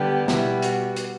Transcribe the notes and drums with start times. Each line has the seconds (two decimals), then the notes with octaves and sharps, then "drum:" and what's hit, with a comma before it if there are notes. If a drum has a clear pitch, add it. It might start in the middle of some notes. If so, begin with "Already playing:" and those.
Already playing: D3 G3 B3 G4
0.28 B2 G3 B3 E4, drum: snare
0.62 F#4, drum: hi-hat
0.96 drum: hi-hat